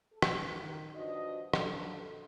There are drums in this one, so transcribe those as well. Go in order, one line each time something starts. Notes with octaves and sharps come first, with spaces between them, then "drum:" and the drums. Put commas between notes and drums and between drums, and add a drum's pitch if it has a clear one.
A4
drum: rim click
D#3
G2 F3 F#4 D5 D#5
D3 F#3 A4, drum: rim click